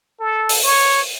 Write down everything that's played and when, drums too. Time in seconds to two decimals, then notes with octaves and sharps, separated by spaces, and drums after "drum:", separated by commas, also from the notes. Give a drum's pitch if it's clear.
0.20 A4
0.49 drum: open hi-hat
0.63 C#5